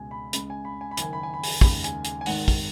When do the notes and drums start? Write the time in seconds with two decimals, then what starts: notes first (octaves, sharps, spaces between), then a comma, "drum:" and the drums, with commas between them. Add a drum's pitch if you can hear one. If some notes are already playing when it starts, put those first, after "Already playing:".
Already playing: C#2 B2 G#3 G#5
0.11 B5
0.33 C#2 C#3 G#3 B5, drum: hi-hat
0.50 G#5
0.65 B5
0.81 G#5
0.91 B5
0.97 F#1 F#2 D#3 G#5, drum: hi-hat
1.13 B5
1.23 G#5
1.34 B5
1.43 G#5, drum: open hi-hat
1.61 D#2 C#3 G#3 B5, drum: kick, open hi-hat
1.84 G#5, drum: hi-hat
2.04 G#5, drum: hi-hat
2.21 G#5
2.26 G#1 G#2 D#3 F#5, drum: open hi-hat
2.48 drum: kick, open hi-hat